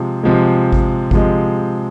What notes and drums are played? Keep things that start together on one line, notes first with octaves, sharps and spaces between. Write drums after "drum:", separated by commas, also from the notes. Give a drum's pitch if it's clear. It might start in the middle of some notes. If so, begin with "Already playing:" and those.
Already playing: C3 F3 G#3
C3 F3 G#3
drum: kick G#1
C3 F3 G#3, drum: kick G#1